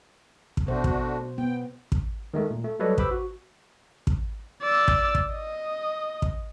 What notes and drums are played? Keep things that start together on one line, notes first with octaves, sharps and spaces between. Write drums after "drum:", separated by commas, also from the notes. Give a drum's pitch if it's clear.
drum: kick
B2 A3 D4 F#4 C5
drum: kick
B3 G5
drum: kick
D#3 G#3 A3
A#2
A3
F#3 G3 A4 B4 C#5 D#5
G4 B4 C5 B5 D6 E6, drum: kick
F#4
drum: kick
D5 E6
drum: kick
drum: kick
D#5
drum: kick